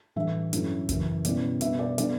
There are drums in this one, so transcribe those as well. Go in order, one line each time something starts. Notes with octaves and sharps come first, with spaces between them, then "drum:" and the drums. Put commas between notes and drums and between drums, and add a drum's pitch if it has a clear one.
A2 E3 G3 D4 E5
G2 D3 F#3 C#4 E4, drum: hi-hat
F#2 C#3 E3, drum: kick, hi-hat
B2 G3 C#4 E4 D5, drum: hi-hat
B2 G3 B3 D4 E5, drum: hi-hat
D5
D3 G3 B3 D4 D5, drum: hi-hat